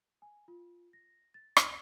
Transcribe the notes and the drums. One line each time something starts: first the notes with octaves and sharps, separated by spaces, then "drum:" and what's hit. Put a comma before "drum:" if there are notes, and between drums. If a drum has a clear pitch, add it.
G#5
F4
A#6
A6
G#5, drum: rim click